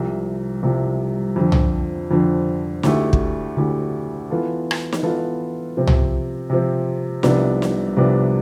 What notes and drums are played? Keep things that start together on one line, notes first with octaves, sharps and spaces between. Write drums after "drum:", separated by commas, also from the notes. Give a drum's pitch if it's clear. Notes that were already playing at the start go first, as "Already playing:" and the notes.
Already playing: C2 C3 F3
C2 C3 F3
F2 D3 F3
drum: tom C2
F2 D3 F3
D2 D3 A3 E4 G4, drum: snare
drum: kick
D2 D3 A3 E4 G4
E3 B3 F4 A4
drum: rim click
drum: snare
E3 B3 F4 A4
C3 F3 C4
drum: tom C2
C3 F3 C4
C2 C3 F3 B3 D4, drum: snare
drum: snare
C2 C3 F3 B3 D4